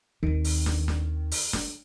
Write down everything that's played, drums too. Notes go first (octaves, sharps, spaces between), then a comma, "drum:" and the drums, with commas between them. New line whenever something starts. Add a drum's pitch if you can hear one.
D#2 D#3 C4
drum: open hi-hat
drum: snare
drum: snare
drum: open hi-hat
drum: snare